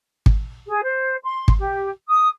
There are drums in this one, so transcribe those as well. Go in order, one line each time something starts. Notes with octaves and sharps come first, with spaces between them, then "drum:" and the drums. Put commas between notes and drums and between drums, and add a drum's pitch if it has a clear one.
drum: kick
G#4
C5
C6
drum: kick
G4
D#6